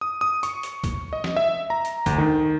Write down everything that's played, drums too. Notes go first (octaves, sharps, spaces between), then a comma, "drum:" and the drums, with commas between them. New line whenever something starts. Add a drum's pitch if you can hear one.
D#6
D#6
C#6, drum: hi-hat
drum: hi-hat
drum: kick, hi-hat
D#5
drum: snare
E5
A#5
drum: hi-hat
D2, drum: kick, hi-hat
D#3